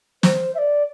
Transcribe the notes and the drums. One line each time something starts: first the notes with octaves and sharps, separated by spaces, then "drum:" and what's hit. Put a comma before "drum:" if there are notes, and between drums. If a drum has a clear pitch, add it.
C5, drum: snare
E5
D5